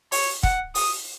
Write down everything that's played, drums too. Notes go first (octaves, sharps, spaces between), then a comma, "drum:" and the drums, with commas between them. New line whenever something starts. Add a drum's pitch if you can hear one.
C#5, drum: open hi-hat
F#5, drum: kick
D#6, drum: open hi-hat